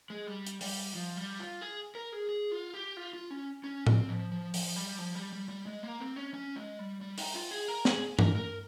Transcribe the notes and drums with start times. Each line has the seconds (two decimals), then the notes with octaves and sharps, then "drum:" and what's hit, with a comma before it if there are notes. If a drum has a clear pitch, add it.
0.10 G#3
0.27 G3
0.46 drum: hi-hat
0.61 G3, drum: open hi-hat
0.95 F3
1.17 G3
1.39 F4
1.61 G#4
1.95 A#4
2.13 G#4
2.29 G#4
2.51 F4
2.74 G4
2.97 F4
3.13 F4
3.31 C#4
3.64 C#4
3.87 C4, drum: tom A2
4.09 F3
4.32 F3
4.54 F3, drum: open hi-hat
4.76 G3
4.98 F3
5.15 G3
5.33 G3
5.49 G3
5.66 G#3
5.83 A#3
6.00 C4
6.16 C#4
6.34 C#4
6.56 G#3
6.79 G3
7.01 G3
7.18 D#4, drum: open hi-hat
7.34 F4
7.51 G#4
7.68 A#4
7.85 G#4, drum: snare
8.19 A#4, drum: tom G2
8.36 A#4